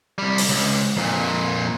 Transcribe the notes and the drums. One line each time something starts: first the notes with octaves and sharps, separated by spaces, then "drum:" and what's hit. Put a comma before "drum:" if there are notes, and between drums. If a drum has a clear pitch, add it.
C2 G3
drum: open hi-hat
C#2
F2 A#2